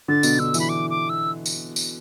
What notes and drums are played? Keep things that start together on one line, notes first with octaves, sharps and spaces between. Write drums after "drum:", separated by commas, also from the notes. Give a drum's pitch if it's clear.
D3 A6
B2, drum: tambourine
D3 E6
E3, drum: tambourine
B5
D6
D6
E6
drum: tambourine
drum: tambourine